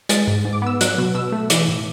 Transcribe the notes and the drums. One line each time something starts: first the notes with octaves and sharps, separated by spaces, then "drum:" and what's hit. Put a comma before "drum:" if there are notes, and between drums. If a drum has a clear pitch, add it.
G#3 A6, drum: hi-hat
G#2
G#2
D6
B3 E6
F#3 F#6, drum: hi-hat
B2
B2 E6
A3
E3 D6, drum: hi-hat
A2